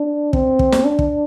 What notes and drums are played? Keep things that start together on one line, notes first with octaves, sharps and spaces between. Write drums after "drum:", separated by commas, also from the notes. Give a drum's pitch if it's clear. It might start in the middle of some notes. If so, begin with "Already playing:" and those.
Already playing: D4
C4, drum: kick
drum: kick
drum: snare
D4
drum: kick